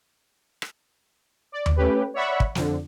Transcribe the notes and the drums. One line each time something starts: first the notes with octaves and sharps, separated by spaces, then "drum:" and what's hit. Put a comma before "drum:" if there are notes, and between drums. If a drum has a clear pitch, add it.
drum: rim click
D5
drum: tom D#2
A3 C#4 G4 B4
C#5 D5 E5 F#5 B5 C#6
drum: kick
F2 D3, drum: snare